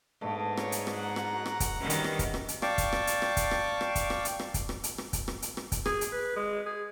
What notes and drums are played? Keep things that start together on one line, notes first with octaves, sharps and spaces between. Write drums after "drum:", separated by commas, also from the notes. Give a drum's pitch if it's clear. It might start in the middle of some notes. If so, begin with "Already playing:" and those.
G#2 A3 B3 D4
A#4 C#5, drum: rim click
drum: hi-hat
drum: rim click
F#5 A#5
drum: rim click
F#4 A#4
drum: rim click
drum: kick, hi-hat
D#3 G3 C#4 B4 C#5 E5
drum: hi-hat
drum: rim click
drum: kick, hi-hat
drum: rim click
drum: hi-hat
D5 F5 G5 A5 C#6 D6, drum: rim click
drum: kick, hi-hat
drum: rim click
drum: hi-hat
drum: rim click
drum: kick, hi-hat
drum: rim click
drum: rim click
drum: kick, hi-hat
drum: rim click
drum: hi-hat
drum: rim click
drum: kick, hi-hat
drum: rim click
drum: hi-hat
drum: rim click
drum: kick, hi-hat
drum: rim click
drum: hi-hat
drum: rim click
drum: kick, hi-hat
G#4, drum: rim click
drum: hi-hat
B4
G#3
G#4